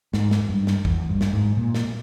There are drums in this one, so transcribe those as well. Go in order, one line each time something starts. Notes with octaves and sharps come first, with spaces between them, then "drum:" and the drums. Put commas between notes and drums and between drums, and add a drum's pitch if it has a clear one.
G#2, drum: snare
drum: snare
G2
drum: snare
E2, drum: kick
G2
drum: snare
G#2
A#2
drum: snare